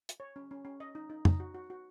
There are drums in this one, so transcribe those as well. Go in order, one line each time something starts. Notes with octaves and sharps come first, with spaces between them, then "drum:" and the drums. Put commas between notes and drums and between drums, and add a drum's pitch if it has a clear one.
drum: hi-hat
C#5
C#4
C#4
C#4
D#5
D#4
D#4
D#4, drum: tom F2
F#4
F#4
F#4